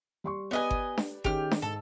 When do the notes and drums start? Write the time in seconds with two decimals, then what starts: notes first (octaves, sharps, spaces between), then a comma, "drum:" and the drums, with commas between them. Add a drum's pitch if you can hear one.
0.24 G3 C6 C#6
0.51 B3 G4 B4 D5 D#5 G#5
0.71 drum: kick G1
0.97 drum: snare D4
1.24 D#3 C#4 G4 G#4 F6, drum: kick G1
1.51 drum: snare D4
1.62 G#2 A4